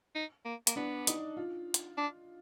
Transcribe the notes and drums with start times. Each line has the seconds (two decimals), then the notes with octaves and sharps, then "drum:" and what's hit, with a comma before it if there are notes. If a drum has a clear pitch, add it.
0.16 D#4
0.45 A#3
0.67 A#3, drum: hi-hat
0.76 B3 D4
1.07 D#4, drum: hi-hat
1.37 F4
1.74 drum: hi-hat
1.98 D4